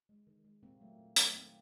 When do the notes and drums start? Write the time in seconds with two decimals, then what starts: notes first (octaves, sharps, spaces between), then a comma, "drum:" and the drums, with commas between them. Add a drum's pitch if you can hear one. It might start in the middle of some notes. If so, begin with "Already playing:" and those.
0.09 G#3
0.27 D#3
0.44 G#3
0.63 A#2 A#3 C4
0.80 F#3 A3
0.99 A#2
1.16 F#3 A3, drum: hi-hat
1.34 D#3 A#3 C4